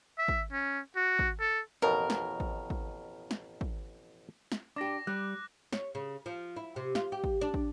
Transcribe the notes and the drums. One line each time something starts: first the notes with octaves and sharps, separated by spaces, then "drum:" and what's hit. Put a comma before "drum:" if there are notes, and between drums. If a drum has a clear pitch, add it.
E5
drum: kick
C#4
F#4
drum: kick
A4
A1 F2 B2 A#4
drum: snare
drum: kick
drum: kick
drum: snare
drum: kick
drum: snare
D4 G4 D6 A#6
G3 F#6
C#5, drum: snare
C#3
F3
E4
C3
F4, drum: snare
G4
drum: kick
D4
drum: kick